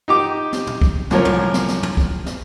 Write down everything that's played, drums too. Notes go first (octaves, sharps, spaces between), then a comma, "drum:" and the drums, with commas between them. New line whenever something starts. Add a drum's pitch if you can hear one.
D#4 G4 D6
drum: snare
drum: tom
drum: kick
C2 F#2 A2 F3 A#4 C#5, drum: snare
drum: tom
drum: snare
drum: snare
drum: tom
drum: kick
drum: snare